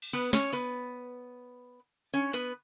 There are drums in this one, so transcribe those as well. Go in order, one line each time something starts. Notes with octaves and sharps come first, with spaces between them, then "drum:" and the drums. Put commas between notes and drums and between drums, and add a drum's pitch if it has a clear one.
drum: cymbal
B3 B4
C#4 C#5, drum: snare
B3 B4
C#4 C#5
B3 B4, drum: hi-hat